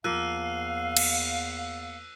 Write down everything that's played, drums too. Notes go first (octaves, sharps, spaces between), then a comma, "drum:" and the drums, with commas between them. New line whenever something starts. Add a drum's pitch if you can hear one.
E2 F3 A#3 F5 E6 F#6 D#7
drum: cymbal